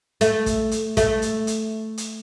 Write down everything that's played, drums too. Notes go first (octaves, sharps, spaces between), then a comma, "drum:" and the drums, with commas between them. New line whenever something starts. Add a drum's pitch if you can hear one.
A3, drum: hi-hat
drum: kick, hi-hat
drum: hi-hat
A3, drum: kick, hi-hat
drum: hi-hat
drum: hi-hat
drum: hi-hat